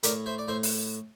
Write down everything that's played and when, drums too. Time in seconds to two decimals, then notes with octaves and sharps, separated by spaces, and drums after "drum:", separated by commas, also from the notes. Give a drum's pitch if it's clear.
0.03 A2 A#4 D5, drum: hi-hat
0.26 C5 E5
0.38 D5
0.48 A2 C5 E5
0.63 drum: open hi-hat